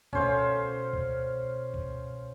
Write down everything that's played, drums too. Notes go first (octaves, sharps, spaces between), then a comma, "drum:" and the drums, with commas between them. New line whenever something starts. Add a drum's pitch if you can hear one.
B2 A3 C#4 C5 F5, drum: kick C2
drum: kick C2
drum: kick C2